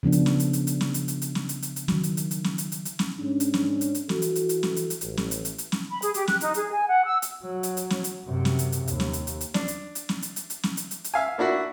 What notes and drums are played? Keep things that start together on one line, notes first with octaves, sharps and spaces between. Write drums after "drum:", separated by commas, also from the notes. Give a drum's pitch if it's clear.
C#3 F3 B3 D4
drum: hi-hat
drum: snare
drum: hi-hat
drum: hi-hat
drum: hi-hat
drum: snare
drum: hi-hat
drum: hi-hat
drum: hi-hat
drum: snare
drum: hi-hat
drum: hi-hat
drum: hi-hat
D#3 F#3, drum: snare
drum: hi-hat
drum: hi-hat
drum: hi-hat
drum: snare
drum: hi-hat
drum: hi-hat
drum: hi-hat
drum: snare
G#2 C#4 D4
drum: hi-hat
drum: snare
drum: hi-hat
drum: hi-hat
E3 F#4 A4, drum: snare
drum: hi-hat
drum: hi-hat
drum: hi-hat
drum: snare
drum: hi-hat
drum: hi-hat
A1, drum: hi-hat
drum: snare
drum: hi-hat
drum: hi-hat
drum: hi-hat
drum: snare
B5
G#4, drum: hi-hat
G4, drum: hi-hat
F#6, drum: snare
D#4, drum: hi-hat
G#4, drum: hi-hat
G#5
F#5
E6
drum: hi-hat
F#3
drum: hi-hat
drum: hi-hat
drum: snare
drum: hi-hat
F#2 C3
drum: snare
drum: hi-hat
drum: hi-hat
D#2, drum: hi-hat
drum: snare
drum: hi-hat
drum: hi-hat
drum: hi-hat
D4, drum: snare
drum: hi-hat
drum: hi-hat
drum: snare
drum: hi-hat
drum: hi-hat
drum: hi-hat
drum: snare
drum: hi-hat
drum: hi-hat
drum: hi-hat
E5 F5 G#5
A#3 D4 E4 F#4